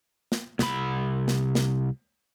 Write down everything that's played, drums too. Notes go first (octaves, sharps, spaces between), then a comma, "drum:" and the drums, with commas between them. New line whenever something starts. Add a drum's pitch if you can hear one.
drum: snare
C2 B5, drum: snare
drum: snare
drum: snare